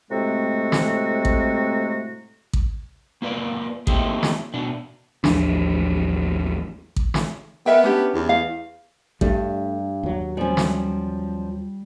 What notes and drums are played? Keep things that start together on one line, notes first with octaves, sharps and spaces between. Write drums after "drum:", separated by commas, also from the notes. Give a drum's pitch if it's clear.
A2 C3 G#3 A3 C4 F#4
drum: snare
drum: kick A1
drum: kick A1
A#3 F4 B4 D5
A3 A#3 C4 D#4 G4 G#4, drum: kick A1
drum: snare
B2 D4
A1 D#2 F3 D4, drum: snare
drum: kick A1
drum: snare
B3 A#4 E5 G5
C#4 D4 G4
E2
F5
G2 G3 A3 D4, drum: kick A1
D#2 F#3
F3 G3 C#4 D5
drum: snare